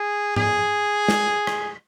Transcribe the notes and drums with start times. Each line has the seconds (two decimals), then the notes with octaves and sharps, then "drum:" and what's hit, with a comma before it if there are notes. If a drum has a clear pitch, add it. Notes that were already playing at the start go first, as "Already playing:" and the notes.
Already playing: G#4
0.36 G#4, drum: tom G#2
1.08 drum: snare
1.47 drum: rim click